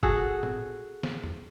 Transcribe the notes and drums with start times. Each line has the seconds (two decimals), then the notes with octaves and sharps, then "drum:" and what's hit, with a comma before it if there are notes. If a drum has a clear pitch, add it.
0.03 F#4 G#4 A4, drum: kick
0.43 drum: tom
1.03 drum: snare
1.24 drum: tom E2